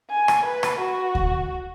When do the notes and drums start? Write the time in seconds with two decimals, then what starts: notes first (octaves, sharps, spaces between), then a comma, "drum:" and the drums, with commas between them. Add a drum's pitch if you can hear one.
0.11 G#5
0.28 drum: rim click
0.45 B4
0.63 drum: rim click
0.80 F#4
1.15 drum: kick D2